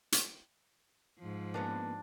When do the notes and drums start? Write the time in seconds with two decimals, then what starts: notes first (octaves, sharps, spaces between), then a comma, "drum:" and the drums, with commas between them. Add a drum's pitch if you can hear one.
0.12 drum: hi-hat
1.19 G#2 F3
1.54 A#3 B3 C#4 D4